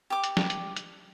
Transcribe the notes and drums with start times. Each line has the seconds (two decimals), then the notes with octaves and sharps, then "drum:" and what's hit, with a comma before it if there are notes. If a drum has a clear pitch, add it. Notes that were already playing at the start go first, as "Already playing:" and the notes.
0.10 G4 D6
0.24 drum: hi-hat
0.37 drum: snare
0.50 drum: hi-hat
0.76 drum: hi-hat